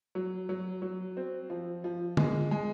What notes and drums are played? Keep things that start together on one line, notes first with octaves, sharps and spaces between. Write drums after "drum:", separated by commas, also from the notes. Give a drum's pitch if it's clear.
F#3
F#3
F#3
C4
F3
F3
G#3, drum: tom D3
G#3